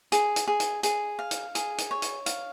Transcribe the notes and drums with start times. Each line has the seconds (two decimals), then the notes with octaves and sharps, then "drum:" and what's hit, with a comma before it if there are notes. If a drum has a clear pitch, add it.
0.12 G#4, drum: hi-hat
0.36 drum: hi-hat
0.48 G#4
0.60 drum: hi-hat
0.83 G#4, drum: hi-hat
1.19 F5
1.31 drum: hi-hat
1.55 G#4, drum: hi-hat
1.78 drum: hi-hat
1.91 C#5
2.02 drum: hi-hat
2.26 F5, drum: hi-hat